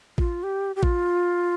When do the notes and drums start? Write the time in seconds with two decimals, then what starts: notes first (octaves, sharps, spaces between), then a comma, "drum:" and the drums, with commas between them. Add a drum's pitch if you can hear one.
0.18 F4, drum: kick A1
0.43 G4
0.76 G4
0.83 F4, drum: kick A1